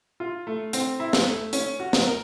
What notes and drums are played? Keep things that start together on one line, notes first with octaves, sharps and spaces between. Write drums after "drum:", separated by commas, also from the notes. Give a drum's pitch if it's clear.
F4
A3
C4, drum: hi-hat
E4
drum: snare
A3
C#4, drum: hi-hat
F#4
drum: snare
A#4